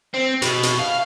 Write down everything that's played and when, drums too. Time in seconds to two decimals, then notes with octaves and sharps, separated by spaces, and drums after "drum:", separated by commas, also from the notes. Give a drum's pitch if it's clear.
0.14 C4
0.42 B2, drum: hi-hat
0.63 drum: hi-hat
0.79 F5